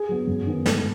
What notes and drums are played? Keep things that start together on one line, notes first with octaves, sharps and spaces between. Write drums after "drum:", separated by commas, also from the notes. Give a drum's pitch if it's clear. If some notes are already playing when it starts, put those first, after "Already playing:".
Already playing: G#4
F#3 B3
F#2
D#3 B3
G#2, drum: snare